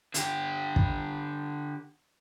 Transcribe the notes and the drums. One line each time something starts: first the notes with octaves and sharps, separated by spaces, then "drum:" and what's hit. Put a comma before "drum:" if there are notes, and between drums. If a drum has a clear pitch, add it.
D3 G4, drum: hi-hat
drum: kick